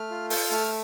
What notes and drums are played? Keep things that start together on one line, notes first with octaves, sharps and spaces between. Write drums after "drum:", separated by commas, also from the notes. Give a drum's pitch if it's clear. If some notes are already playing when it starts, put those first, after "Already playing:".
Already playing: A3 F6
F4
A4 G6, drum: open hi-hat
A3 F6